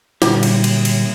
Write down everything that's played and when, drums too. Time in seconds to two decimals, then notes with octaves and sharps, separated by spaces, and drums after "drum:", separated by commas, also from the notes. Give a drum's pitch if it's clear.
0.22 A#2 D3 F#3 G3, drum: snare
0.43 drum: cymbal
0.64 drum: cymbal
0.85 drum: cymbal